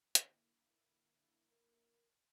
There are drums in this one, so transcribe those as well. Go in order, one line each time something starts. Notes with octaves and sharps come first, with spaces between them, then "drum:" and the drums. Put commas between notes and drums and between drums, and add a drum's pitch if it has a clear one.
D3 A#3 E4, drum: hi-hat
A#4